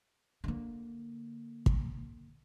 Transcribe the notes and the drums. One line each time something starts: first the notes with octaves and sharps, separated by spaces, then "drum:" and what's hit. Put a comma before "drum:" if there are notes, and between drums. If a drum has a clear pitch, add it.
D3 A#3
drum: kick